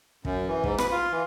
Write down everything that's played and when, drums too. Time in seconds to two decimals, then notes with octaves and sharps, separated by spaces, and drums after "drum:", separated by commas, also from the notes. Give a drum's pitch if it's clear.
0.25 F#2, drum: kick
0.48 E3
0.64 G#2, drum: kick
0.78 B4, drum: rim click
0.91 F4
1.12 E3